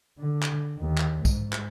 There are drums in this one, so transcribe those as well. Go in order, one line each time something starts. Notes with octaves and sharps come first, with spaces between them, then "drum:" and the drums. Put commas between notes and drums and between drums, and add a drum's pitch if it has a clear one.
D3
drum: clap
D#2
drum: clap
G#2, drum: kick B1, tambourine
drum: clap